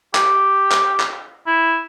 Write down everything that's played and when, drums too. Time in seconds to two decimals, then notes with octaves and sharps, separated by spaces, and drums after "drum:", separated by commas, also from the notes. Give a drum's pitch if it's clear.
0.15 G4, drum: clap
0.71 drum: clap
1.00 drum: clap
1.47 E4